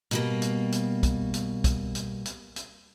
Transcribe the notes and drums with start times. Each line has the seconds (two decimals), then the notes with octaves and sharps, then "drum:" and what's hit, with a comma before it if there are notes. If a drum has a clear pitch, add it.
0.11 B2 G3 A#3, drum: hi-hat
0.42 drum: hi-hat
0.72 drum: hi-hat
1.03 drum: kick, hi-hat
1.34 drum: hi-hat
1.64 drum: kick, hi-hat
1.95 drum: hi-hat
2.26 drum: hi-hat
2.56 drum: hi-hat